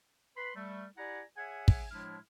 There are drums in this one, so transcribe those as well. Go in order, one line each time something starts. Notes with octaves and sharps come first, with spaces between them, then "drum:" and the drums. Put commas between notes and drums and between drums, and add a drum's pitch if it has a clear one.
B4 B5 C6
G3 A3
E4 G4 D5 F#5 G#5 A#5
G#4 C#5 E5 F#5 G#5
drum: kick
A2 F3 G#3 D4 E4 F6